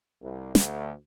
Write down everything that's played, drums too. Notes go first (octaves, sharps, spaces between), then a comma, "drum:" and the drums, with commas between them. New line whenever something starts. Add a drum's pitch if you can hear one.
C2
D2, drum: snare